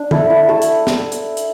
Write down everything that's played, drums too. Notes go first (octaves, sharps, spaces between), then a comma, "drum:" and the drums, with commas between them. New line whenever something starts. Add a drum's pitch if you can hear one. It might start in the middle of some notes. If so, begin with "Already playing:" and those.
Already playing: D4
E4 A4, drum: tom D3
E4
A3 A4
drum: hi-hat
drum: snare
drum: hi-hat
drum: hi-hat